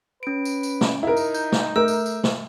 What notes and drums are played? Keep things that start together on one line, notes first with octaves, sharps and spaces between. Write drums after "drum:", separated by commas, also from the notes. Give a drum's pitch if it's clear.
C#4 B4 D7
drum: tambourine
drum: tambourine
drum: snare
D#4 E4 A#4
drum: tambourine
G6, drum: tambourine
drum: snare
A3 A#4 E6
drum: tambourine
drum: tambourine
drum: snare